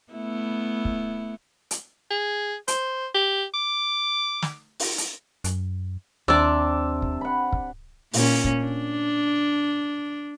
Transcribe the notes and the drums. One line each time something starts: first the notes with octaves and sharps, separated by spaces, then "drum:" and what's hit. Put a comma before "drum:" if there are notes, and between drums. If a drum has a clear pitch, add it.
A3 B3 E4
drum: kick
drum: hi-hat
G#4
C5, drum: hi-hat
G4
D6
drum: snare
drum: open hi-hat
drum: hi-hat
F#2, drum: hi-hat
D#2 C3 D4 D5 E6
drum: kick
F#5 B5
drum: kick
A#2 C#4, drum: open hi-hat
drum: kick
D4